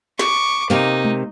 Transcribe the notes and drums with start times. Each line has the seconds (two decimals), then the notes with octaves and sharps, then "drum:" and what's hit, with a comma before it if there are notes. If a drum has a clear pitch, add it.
0.19 C#6 D6, drum: snare
0.70 C3 A#3 D#4
1.05 drum: tom G#3